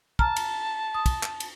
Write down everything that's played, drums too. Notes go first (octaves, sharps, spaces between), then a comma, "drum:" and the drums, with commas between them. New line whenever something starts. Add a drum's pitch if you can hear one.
A5 A#5 F6, drum: kick
drum: cymbal
D#6
drum: kick, cymbal
drum: clap
drum: cymbal